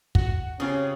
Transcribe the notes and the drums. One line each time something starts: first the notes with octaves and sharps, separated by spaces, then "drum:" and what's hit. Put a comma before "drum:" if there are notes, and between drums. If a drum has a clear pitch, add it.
F#4 F#5, drum: kick
C#3 C4 C#4 F4 G4 G#5 C#6 D#6